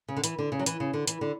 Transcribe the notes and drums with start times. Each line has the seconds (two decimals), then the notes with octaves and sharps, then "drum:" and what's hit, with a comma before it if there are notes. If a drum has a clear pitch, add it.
0.08 C#3
0.17 D3
0.24 E3, drum: hi-hat
0.39 D3
0.52 C#3
0.59 F#3
0.66 E3, drum: hi-hat
0.80 C#3
0.93 D3
1.07 E3, drum: hi-hat
1.21 D3